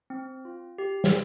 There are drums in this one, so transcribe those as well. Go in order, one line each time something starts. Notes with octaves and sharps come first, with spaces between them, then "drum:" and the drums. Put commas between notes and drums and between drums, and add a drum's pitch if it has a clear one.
C4
F4
G4
drum: snare